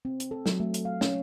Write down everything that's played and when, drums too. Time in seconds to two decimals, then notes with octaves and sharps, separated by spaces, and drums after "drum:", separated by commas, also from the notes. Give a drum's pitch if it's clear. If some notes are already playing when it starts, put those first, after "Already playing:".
0.05 C4
0.20 drum: hi-hat
0.31 A4
0.46 F#3, drum: snare
0.60 A3
0.74 drum: hi-hat
0.85 F5
1.01 C#4, drum: snare